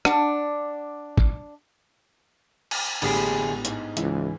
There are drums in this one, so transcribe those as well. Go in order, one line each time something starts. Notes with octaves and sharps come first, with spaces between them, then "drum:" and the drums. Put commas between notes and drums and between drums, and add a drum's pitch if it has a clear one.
D4 F#5, drum: rim click
drum: kick
drum: cymbal
A1 A2 D3 G#3 B3 D4 G4 G#4, drum: cymbal
G#2, drum: hi-hat
C#2 E3, drum: hi-hat